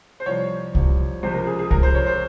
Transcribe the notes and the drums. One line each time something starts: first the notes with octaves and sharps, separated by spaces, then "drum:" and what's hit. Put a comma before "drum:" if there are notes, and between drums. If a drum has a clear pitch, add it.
C5
C2 C3 F3 C#5
C2 C3 F3, drum: kick C2
C#2 C3 F3 C5
A#4
G#4
G#4
C#2 C3 F3 A#4, drum: kick C2
C5
C#5
C5